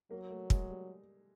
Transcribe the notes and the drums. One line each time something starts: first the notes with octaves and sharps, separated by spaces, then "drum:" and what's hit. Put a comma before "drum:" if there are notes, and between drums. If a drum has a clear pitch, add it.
F#3 A#3
A3
G#3, drum: kick
G3